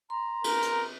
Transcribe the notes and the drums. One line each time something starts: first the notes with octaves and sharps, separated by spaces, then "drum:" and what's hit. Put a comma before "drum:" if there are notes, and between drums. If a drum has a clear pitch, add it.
A#5 C6
A#4, drum: cymbal
drum: hi-hat